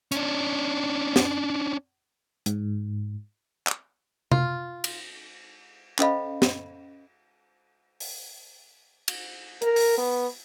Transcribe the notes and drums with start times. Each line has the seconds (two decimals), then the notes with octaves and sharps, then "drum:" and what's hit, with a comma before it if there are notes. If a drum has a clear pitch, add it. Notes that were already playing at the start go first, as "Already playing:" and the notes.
0.12 C#4 D4, drum: hi-hat
1.16 drum: snare
2.46 G#2, drum: hi-hat
3.67 drum: clap
4.32 F4, drum: tom C3
4.84 drum: cymbal
5.99 C#4 A4 C5 D#5 F5 B5, drum: clap
6.42 drum: snare
8.00 drum: open hi-hat
9.08 drum: cymbal
9.62 A#4, drum: hi-hat
9.76 drum: open hi-hat
9.98 B3